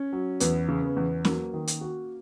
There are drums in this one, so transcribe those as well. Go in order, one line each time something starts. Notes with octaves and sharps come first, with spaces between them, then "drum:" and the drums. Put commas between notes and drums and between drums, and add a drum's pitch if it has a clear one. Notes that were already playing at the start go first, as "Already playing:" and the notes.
Already playing: C#4
F#3
E2 B3, drum: hi-hat
C#3
B3
E2
F#3 A#3, drum: snare C#4
D#3
drum: hi-hat
F#4